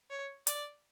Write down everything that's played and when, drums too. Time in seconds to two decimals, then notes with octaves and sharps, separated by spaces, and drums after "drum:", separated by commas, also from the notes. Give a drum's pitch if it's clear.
0.10 C#5
0.47 D5, drum: hi-hat